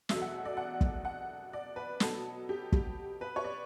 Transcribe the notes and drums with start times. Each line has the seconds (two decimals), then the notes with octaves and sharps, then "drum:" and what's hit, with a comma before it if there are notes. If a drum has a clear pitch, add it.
0.09 E2 B2 F#3 A3 E5, drum: snare
0.21 F#5
0.45 D5
0.57 F#5
0.81 drum: kick
1.05 F#5
1.53 D5
1.76 B4
2.00 B2 F#3 B3 A4, drum: snare
2.49 G4
2.73 G4, drum: kick
3.21 B4
3.36 C#5
3.44 D5